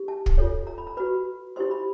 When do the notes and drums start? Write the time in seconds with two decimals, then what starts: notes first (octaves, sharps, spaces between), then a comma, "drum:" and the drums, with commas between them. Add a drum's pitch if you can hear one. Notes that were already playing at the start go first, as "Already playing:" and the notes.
Already playing: E4 G4
0.08 A5
0.26 drum: kick
0.38 F4 A4 C#5
0.67 A#5
0.78 B5
0.87 A#5
0.97 F#4 B4 B5
1.56 E4 G4 C5 C6
1.71 B5